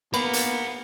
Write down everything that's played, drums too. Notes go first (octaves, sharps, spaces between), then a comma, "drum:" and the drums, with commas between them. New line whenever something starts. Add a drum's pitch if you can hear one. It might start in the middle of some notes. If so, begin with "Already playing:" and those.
A#3 B3 B4 F#5 B5, drum: cymbal
drum: hi-hat